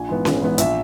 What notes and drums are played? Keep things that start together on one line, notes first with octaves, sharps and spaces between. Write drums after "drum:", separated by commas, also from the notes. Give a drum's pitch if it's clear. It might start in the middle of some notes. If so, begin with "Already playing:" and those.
Already playing: A#1 G#5
G#2 E3 B3
A#1, drum: snare C#4
G#2 E3 B3
A#1 E5, drum: hi-hat